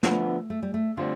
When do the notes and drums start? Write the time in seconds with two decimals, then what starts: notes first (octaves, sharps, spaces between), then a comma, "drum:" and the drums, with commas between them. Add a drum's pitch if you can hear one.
0.03 D3 F3 A3 B3, drum: snare
0.50 A3
0.62 G3
0.74 A3
0.97 D3 G3 C4 F4